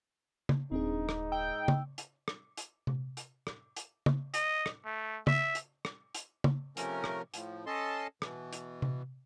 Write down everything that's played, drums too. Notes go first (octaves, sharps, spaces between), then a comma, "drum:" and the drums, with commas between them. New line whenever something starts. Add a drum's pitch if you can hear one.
drum: tom C#3
D#1 G#2 C4 D4 D#4 G#4
drum: rim click
G5 E6
drum: tom C#3
drum: hi-hat
drum: rim click
drum: hi-hat
drum: tom C3
drum: hi-hat
drum: rim click
drum: hi-hat
drum: tom C#3
D#5, drum: hi-hat
drum: rim click
A3
E5, drum: tom C#3
drum: hi-hat
drum: rim click
drum: hi-hat
drum: tom C#3
C3 F3 A3 C#4 A#4, drum: hi-hat
drum: rim click
A2 F3, drum: hi-hat
C#4 A4 D#5 A5 C6
B2 E3, drum: rim click
drum: hi-hat
drum: tom C3